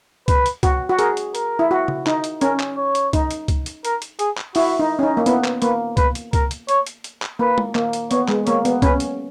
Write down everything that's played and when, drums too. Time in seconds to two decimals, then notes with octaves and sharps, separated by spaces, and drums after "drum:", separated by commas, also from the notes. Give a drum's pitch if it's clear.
0.28 B4, drum: kick C#2, hi-hat
0.46 drum: hi-hat
0.63 F#4, drum: kick C#2, hi-hat
0.89 F#4
0.99 G#4 A#4, drum: hi-hat
1.17 drum: hi-hat
1.35 A#4, drum: hi-hat
1.59 E4
1.71 F#4
1.88 drum: tom C#3
2.07 D#4, drum: clap
2.24 drum: hi-hat
2.41 C#4 A#4, drum: hi-hat
2.59 drum: clap
2.77 C#5
2.95 drum: hi-hat
3.13 D#4, drum: kick C#2, hi-hat
3.31 drum: hi-hat
3.48 drum: kick C#2, hi-hat
3.66 drum: hi-hat
3.85 A#4, drum: hi-hat
4.02 drum: hi-hat
4.19 G#4, drum: hi-hat
4.37 drum: clap
4.55 E4 F#4, drum: open hi-hat
4.79 D#4
4.99 C#4
5.03 D#4
5.17 A#3
5.26 B3 E4, drum: hi-hat
5.44 drum: clap
5.62 A#3 B4, drum: hi-hat
5.97 B4, drum: kick C#2, hi-hat
6.15 drum: hi-hat
6.33 A#4, drum: kick C#2, hi-hat
6.51 drum: hi-hat
6.69 C#5, drum: hi-hat
6.87 drum: hi-hat
7.04 drum: hi-hat
7.22 drum: clap
7.39 A#3 B4
7.58 drum: tom
7.75 A#3, drum: clap
7.93 drum: hi-hat
8.11 B3 C#5, drum: hi-hat
8.28 G#3, drum: clap
8.47 A#3 C#5, drum: hi-hat
8.65 B3, drum: hi-hat
8.82 C#4 B4, drum: kick C#2, hi-hat
9.00 drum: hi-hat